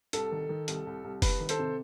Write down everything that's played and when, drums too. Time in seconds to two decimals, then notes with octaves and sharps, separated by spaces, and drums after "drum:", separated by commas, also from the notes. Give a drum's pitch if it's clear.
0.13 C2 A4, drum: hi-hat
0.32 D#3
0.49 D#3
0.68 C2, drum: hi-hat
0.87 C2
1.04 C2
1.22 C2 B4, drum: kick F1, open hi-hat
1.40 D#3
1.49 A4 C5, drum: hi-hat
1.59 C3